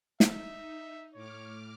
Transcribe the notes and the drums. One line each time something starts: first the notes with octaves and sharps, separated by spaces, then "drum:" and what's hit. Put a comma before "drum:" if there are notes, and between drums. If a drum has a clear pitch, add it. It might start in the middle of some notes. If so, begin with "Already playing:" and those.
D#4 E5, drum: snare
A2 C#5 D6 F6